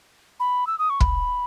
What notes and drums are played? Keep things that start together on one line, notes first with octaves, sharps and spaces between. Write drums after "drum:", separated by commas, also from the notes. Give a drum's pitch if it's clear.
B5
E6
D#6
C#6
B5, drum: kick